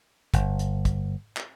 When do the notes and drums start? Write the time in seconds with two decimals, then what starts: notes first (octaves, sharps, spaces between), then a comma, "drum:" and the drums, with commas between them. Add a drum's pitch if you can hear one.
0.34 G1, drum: kick, hi-hat
0.59 drum: hi-hat
0.85 drum: kick, hi-hat
1.37 drum: clap